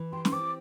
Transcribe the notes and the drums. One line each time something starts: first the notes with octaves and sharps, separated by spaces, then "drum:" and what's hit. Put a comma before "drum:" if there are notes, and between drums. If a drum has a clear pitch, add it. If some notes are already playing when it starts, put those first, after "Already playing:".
Already playing: E3
G4 C6
C6, drum: snare
C4 D6